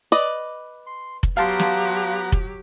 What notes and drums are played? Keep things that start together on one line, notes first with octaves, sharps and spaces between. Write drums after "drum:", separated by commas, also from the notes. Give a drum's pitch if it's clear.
B4 D5 D#5
C6
drum: kick F1
F#3 B3 G4 F5 F#5 A5 A#5 C6
drum: snare
drum: kick F1